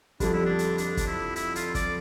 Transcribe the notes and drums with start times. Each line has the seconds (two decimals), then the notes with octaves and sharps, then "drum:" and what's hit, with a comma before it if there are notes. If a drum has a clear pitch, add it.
0.20 F2 D3 G3 D4, drum: kick, hi-hat
0.33 E4
0.45 D4
0.59 drum: hi-hat
0.78 D4, drum: hi-hat
0.97 drum: kick, hi-hat
1.07 E4
1.36 E4, drum: hi-hat
1.56 F4, drum: hi-hat
1.75 D5, drum: kick, hi-hat